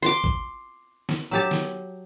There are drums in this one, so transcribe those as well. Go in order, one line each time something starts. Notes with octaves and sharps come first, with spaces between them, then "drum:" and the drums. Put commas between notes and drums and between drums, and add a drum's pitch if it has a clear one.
C6 D6
drum: kick
drum: snare
F#3 G4 A5
drum: snare